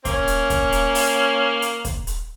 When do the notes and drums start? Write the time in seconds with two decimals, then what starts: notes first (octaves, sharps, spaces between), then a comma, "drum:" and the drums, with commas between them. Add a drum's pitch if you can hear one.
0.05 A#3 C#4, drum: kick, hi-hat
0.28 drum: hi-hat
0.50 drum: kick, hi-hat
0.72 drum: hi-hat
0.95 drum: open hi-hat
1.62 drum: hi-hat
1.85 drum: kick, hi-hat
2.07 drum: hi-hat